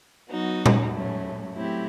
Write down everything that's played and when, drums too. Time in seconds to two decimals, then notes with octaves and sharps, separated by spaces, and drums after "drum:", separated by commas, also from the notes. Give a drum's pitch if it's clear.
0.30 F#3 B3 D#4 F#4
0.66 drum: tom A#2
0.92 F#3 A3 C#4
1.55 F#3 A3 C4 E4 G4